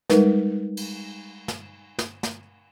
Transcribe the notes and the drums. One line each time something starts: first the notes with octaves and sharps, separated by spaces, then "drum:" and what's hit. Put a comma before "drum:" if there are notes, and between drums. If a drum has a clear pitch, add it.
G3 G#3 D#4 A#4 B4, drum: snare
drum: cymbal
drum: snare
drum: snare
drum: snare